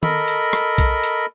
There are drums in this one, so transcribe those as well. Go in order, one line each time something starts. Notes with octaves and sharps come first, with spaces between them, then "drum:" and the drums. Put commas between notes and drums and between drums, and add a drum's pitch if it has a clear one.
A4 A#4 D#5 B5, drum: tom D#3
drum: hi-hat
drum: rim click
drum: kick B1, hi-hat
drum: hi-hat